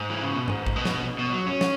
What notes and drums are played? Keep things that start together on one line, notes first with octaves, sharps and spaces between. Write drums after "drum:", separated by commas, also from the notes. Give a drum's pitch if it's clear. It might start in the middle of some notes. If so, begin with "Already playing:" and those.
Already playing: G#2
E3
C#3
B2
G#2, drum: tom G2
drum: kick
B2
drum: snare
B2
F#3
C#4
drum: snare